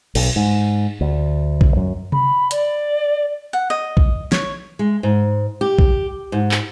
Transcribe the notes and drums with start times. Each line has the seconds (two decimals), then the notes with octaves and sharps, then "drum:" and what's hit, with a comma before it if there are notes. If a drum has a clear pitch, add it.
0.15 B1, drum: cymbal
0.36 G#2
1.01 D2
1.61 drum: kick
1.77 F#2
2.12 B5, drum: tom C3
2.51 D5, drum: hi-hat
3.53 F#5
3.70 D#5
3.97 drum: kick
4.32 C#5, drum: snare
4.79 G#3
5.03 G#2
5.61 G4
5.79 drum: kick
6.32 G#2
6.51 drum: clap